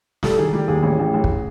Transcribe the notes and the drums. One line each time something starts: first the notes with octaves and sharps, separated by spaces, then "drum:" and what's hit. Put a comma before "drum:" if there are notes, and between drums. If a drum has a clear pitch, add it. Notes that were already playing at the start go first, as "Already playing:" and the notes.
G3 A4, drum: snare
D#3 G#4
G3 G4
D#2 G#4
A1
A1
A1
drum: kick